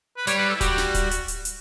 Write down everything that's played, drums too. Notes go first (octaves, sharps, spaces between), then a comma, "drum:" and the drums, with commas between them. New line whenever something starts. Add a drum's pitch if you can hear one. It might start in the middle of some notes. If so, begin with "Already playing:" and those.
B4
G3 C#5, drum: hi-hat
B4
A4
E4
G3 F#4, drum: kick D1, hi-hat
drum: snare
drum: kick D1, hi-hat
drum: hi-hat
drum: hi-hat
drum: hi-hat